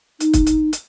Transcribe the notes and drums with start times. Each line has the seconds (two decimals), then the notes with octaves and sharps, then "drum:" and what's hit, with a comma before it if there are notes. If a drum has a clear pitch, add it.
0.20 D#4, drum: hi-hat
0.34 drum: kick, hi-hat
0.47 drum: hi-hat
0.73 drum: hi-hat